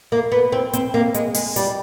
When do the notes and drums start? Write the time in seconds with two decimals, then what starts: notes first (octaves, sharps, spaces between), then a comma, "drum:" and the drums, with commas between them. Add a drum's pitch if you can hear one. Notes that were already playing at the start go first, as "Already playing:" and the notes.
0.12 A#3
0.32 B3
0.52 C4
0.73 C4, drum: hi-hat
0.94 A#3
1.14 G#3, drum: hi-hat
1.34 G#3, drum: open hi-hat
1.56 G3, drum: hi-hat